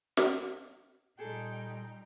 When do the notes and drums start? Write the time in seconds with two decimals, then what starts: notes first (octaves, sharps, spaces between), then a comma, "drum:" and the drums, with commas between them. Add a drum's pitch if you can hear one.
0.17 drum: snare
1.19 A#2 G3 D#4 G#4 A4 G5